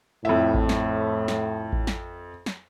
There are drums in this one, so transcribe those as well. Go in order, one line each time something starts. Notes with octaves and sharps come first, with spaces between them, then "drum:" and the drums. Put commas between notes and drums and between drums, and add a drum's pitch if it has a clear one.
F2 A2 E5
drum: kick A1
drum: snare
drum: snare
drum: kick A1
drum: snare
drum: snare